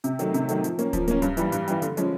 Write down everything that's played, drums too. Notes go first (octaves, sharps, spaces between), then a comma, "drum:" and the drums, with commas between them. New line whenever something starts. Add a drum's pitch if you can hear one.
C3, drum: hi-hat
D#3 F#3 A3, drum: hi-hat
C3, drum: hi-hat
D#3 F#3 A3, drum: hi-hat
F3, drum: hi-hat
A#3 C#4, drum: hi-hat
F3, drum: kick D1, hi-hat
A#3 C#4, drum: hi-hat
G2, drum: hi-hat
E3 G3, drum: hi-hat
G2, drum: hi-hat
E3 G3, drum: hi-hat
D3, drum: hi-hat
F3 G#3 C#4, drum: hi-hat